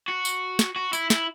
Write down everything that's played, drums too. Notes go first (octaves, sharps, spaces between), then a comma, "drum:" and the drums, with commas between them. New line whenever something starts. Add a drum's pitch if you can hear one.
F#4
drum: tambourine
drum: snare
F#4
E4, drum: tambourine
E4, drum: snare